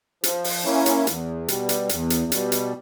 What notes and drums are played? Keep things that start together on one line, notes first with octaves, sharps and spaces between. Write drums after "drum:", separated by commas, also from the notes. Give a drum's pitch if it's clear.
F3, drum: hi-hat
drum: open hi-hat
A#3 C#4 E4
drum: hi-hat
E2, drum: hi-hat
B2 G3, drum: hi-hat
drum: hi-hat
E2, drum: hi-hat
drum: hi-hat
B2 G3, drum: hi-hat
drum: hi-hat